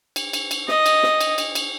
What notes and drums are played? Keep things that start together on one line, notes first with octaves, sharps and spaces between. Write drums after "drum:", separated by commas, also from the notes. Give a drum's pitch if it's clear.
drum: cymbal
drum: cymbal
drum: cymbal
D#5, drum: snare
drum: cymbal
drum: snare
drum: cymbal
drum: cymbal
drum: cymbal